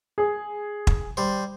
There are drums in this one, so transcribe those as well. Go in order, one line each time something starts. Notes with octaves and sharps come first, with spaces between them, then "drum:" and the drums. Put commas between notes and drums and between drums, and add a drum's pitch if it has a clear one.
G#4
drum: kick
G3 C5